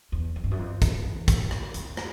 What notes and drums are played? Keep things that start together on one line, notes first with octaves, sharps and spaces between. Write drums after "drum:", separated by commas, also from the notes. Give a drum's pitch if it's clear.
E2
F2
G2
F#2
F2
E2, drum: kick, hi-hat
drum: kick, hi-hat
drum: rim click
F2, drum: hi-hat
drum: rim click